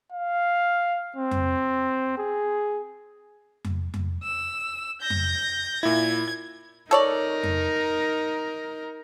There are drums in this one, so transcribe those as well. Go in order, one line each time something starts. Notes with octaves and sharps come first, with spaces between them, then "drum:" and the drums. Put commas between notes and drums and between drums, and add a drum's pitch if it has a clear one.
F5
C4
drum: tom F2
G#4
drum: tom F2
drum: tom F2
E6
G6 A#6
drum: tom F2
A#2 E4 G#6
D#4 A4 A#4 C#5 D5
drum: tom F2